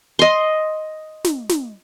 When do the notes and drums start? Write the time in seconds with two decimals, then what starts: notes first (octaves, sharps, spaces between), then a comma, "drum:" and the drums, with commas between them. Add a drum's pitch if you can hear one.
0.19 D#5 C6
1.24 drum: snare
1.49 drum: snare